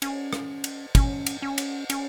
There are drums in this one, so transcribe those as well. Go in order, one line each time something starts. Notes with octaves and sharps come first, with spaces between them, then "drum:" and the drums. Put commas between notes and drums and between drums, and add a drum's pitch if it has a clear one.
C#4, drum: cymbal
drum: rim click
drum: cymbal
C#4, drum: kick, cymbal
drum: cymbal
C#4
drum: cymbal
C#4, drum: cymbal